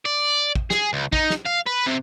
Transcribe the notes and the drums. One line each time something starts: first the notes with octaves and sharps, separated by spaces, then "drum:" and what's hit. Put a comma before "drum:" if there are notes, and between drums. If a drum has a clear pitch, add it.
D5
drum: kick
G#4, drum: snare
C#2
D#4, drum: kick
drum: snare
F5
B4
C3